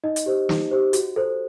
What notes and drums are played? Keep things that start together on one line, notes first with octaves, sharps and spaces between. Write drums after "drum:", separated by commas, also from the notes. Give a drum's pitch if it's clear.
D#4 D#5
drum: hi-hat
G4 C5
D#4, drum: snare
G4 C5
F#4, drum: hi-hat
A4 C5